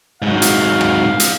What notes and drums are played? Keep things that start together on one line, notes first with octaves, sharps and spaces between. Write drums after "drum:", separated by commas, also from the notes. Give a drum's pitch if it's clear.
G#2 F#3 F5
drum: hi-hat
drum: rim click
drum: hi-hat